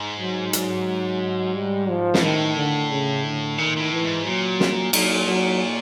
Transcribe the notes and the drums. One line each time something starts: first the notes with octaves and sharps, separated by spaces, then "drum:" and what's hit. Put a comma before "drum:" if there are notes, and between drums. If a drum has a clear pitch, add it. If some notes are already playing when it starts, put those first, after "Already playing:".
Already playing: G#2
F#3
F#3, drum: hi-hat
G3
F3
G#2, drum: snare
A2 D#3
D3
C#3
D3
A#2 D#3
A#2
A2
E3
G#2
A#2 F#3
drum: snare
A#2 F#3, drum: cymbal
F#3